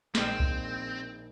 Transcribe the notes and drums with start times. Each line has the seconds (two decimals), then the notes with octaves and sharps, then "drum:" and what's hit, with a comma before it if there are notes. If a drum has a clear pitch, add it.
0.15 A#1 D#3 G#3 C4 C5, drum: snare
0.40 drum: kick C2